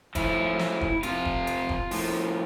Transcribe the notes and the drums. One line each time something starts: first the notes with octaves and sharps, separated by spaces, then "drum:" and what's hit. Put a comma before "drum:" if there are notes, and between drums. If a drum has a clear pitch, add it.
A2 F3 E4, drum: kick, hi-hat
drum: snare
drum: kick
C3 F3 F4, drum: hi-hat
drum: kick
drum: hi-hat
drum: kick
A2 F3, drum: open hi-hat